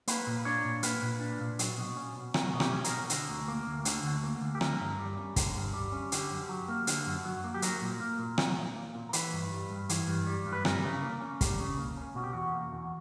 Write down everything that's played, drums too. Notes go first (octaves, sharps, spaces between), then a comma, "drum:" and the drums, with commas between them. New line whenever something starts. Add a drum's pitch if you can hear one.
A#3 B4, drum: hi-hat
A#2
D4 C#5
A#2
A#3 B4, drum: hi-hat
A#2
D4
A#2
F#3, drum: hi-hat
B2
C#4
B2
F#3 A#4, drum: rim click
B2
G4, drum: rim click
C#4
A#4, drum: hi-hat
B2
D3 A#4, drum: hi-hat
D2
A#3
D2
D3, drum: hi-hat
D2
A#3
D2
G4
D3 A#4, drum: rim click
G2
G3
C#4
D3, drum: kick, hi-hat
G2
G3
C#4
D3 G4, drum: hi-hat
F#2
F#3
A#3
D3, drum: hi-hat
F#2
F#3
A#3
G4
F#3 A#4, drum: hi-hat
A#2
A#3
A#2
F#3, drum: rim click
A#2
A#3
A#2
A#4
E3 B4, drum: hi-hat
G2
G3
G2
E3, drum: hi-hat
G2
G3
G2
B4
G3 A#4, drum: rim click
C#3
A#3
C#4
G3, drum: kick, hi-hat
C#3
A#3
C#4
B2 F#4
G4
E2 F#4
A#3
E2